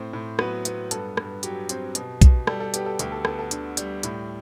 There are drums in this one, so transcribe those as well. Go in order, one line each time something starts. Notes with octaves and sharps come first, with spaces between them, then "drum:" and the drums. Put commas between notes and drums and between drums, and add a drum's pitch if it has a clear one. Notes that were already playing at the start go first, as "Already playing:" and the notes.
Already playing: A2 C4 C5
A2
F#3 B3 B4, drum: rim click
B3, drum: hi-hat
G2 A4, drum: hi-hat
G2, drum: rim click
F#3 G4, drum: hi-hat
C4, drum: hi-hat
B2, drum: hi-hat
B2, drum: kick, hi-hat
G3 A4, drum: rim click
A4
B3 G4, drum: hi-hat
A4
D2 G4, drum: hi-hat
A4
B3 A4, drum: rim click
A4
D3, drum: hi-hat
G3, drum: hi-hat
A2, drum: hi-hat